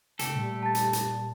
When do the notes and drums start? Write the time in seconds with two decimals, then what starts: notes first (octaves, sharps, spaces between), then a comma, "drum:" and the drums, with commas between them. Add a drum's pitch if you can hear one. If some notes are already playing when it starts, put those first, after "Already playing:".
0.19 C#3 A3 G4 A4, drum: hi-hat
0.34 A#2 G3
0.63 A5 A6
0.75 drum: hi-hat
0.93 drum: hi-hat